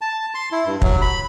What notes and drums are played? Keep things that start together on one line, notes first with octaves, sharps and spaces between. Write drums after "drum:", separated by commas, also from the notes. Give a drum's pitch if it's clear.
A5
C6
E4
G2
F#3, drum: kick
B5